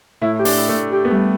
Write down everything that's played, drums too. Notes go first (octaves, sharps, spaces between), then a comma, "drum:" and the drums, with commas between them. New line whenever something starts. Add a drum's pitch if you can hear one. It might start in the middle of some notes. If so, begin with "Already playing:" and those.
A2 E4
G4
D4, drum: open hi-hat
E4
A3
A2
G4
B3
G3 A3